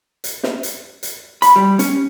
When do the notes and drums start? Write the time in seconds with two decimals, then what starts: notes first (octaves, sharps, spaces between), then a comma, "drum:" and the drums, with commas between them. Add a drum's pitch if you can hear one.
0.24 drum: hi-hat
0.43 drum: snare
0.63 drum: hi-hat
1.03 drum: hi-hat
1.42 B5, drum: hi-hat
1.56 G3
1.79 C#4, drum: hi-hat